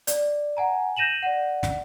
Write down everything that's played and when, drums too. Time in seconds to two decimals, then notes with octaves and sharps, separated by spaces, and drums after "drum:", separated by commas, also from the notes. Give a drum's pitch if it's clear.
0.07 D5, drum: hi-hat
0.57 F#5 G#5 A#5
0.97 G6 A#6 D#7 E7 F#7
1.22 D5 F#5
1.63 drum: snare